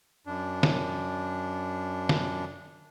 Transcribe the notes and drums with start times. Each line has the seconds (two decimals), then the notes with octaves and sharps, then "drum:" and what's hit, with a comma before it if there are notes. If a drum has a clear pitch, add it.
0.27 F#2 D4
0.63 drum: snare
2.09 drum: snare